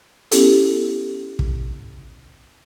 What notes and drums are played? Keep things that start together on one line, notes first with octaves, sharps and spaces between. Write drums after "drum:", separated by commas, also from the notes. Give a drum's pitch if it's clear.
B3 C#4 E4 G4 A4, drum: hi-hat
drum: kick